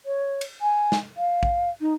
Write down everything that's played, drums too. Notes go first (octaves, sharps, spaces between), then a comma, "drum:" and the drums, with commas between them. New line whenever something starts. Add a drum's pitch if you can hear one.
C#5
drum: cymbal
G#5
drum: snare
F5
drum: kick
D#4